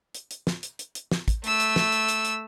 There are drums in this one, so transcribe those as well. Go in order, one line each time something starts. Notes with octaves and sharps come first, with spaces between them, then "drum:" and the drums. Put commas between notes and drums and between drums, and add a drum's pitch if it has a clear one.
drum: hi-hat
drum: hi-hat
drum: snare
drum: hi-hat
drum: hi-hat
drum: hi-hat
drum: snare
drum: kick, hi-hat
A3 E6, drum: hi-hat
drum: hi-hat
drum: snare
drum: hi-hat
drum: hi-hat
drum: hi-hat